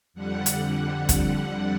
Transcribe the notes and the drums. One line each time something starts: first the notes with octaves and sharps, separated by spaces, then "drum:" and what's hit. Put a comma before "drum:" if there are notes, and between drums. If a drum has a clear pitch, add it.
F2 D3 G3 F#5
drum: hi-hat
drum: kick, hi-hat